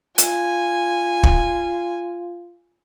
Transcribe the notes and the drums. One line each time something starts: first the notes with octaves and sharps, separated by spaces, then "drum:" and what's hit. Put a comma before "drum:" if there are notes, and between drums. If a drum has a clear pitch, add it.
F4 G#5, drum: hi-hat
drum: kick